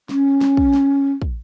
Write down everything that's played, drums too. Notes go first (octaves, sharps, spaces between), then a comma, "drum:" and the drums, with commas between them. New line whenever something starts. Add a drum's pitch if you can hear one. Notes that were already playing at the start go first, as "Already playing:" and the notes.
C#4, drum: snare
drum: snare
drum: kick
drum: snare
drum: kick